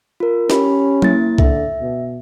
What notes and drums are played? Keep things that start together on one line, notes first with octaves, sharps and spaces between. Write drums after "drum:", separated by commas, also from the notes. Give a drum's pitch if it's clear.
F4 A#4
C#4 G4 B5, drum: snare
A#3 E4 A6, drum: tom F#3
D3 E5, drum: kick C2
B2